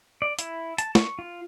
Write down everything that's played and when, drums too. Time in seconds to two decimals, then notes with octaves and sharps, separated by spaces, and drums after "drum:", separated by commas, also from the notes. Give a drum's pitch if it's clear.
0.22 D5
0.39 E4, drum: hi-hat
0.78 A5, drum: hi-hat
0.95 C#6, drum: snare
1.19 F4